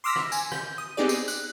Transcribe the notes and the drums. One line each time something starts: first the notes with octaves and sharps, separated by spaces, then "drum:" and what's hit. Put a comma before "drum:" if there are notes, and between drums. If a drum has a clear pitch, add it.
C6 D6 E6 F6 A#6 B6
drum: rim click
G#5, drum: tambourine
G6, drum: rim click
D#6
B3 C4 D#4 G4 G#4 D5
drum: tambourine
F#6, drum: tambourine